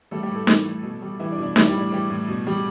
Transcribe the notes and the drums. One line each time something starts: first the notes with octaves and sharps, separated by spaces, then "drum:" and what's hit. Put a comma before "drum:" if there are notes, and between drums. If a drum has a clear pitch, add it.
G3 A3 A4
G3 G4
A2
A3 A4
E3, drum: snare
A2
B2
G3
E3 G3 E4
D4
B2
D4
E3 G3 E4, drum: snare
G3 G4
A2
D4
E3 G3 G4
A2
B2
G3